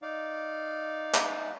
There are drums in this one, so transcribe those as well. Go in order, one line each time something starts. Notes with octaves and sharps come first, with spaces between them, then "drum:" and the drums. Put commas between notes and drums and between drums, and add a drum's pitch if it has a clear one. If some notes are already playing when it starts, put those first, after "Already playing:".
D#4 D5 F5
drum: clap